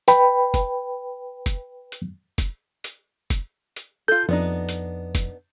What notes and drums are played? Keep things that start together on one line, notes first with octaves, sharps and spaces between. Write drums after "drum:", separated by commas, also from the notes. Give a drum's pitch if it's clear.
B4 G5 B5, drum: hi-hat
drum: kick, hi-hat
drum: kick, hi-hat
drum: hi-hat
drum: kick, hi-hat
drum: hi-hat
drum: kick, hi-hat
drum: hi-hat
F4 A4 G6
F2 B3 D4 D#4
drum: hi-hat
drum: kick, hi-hat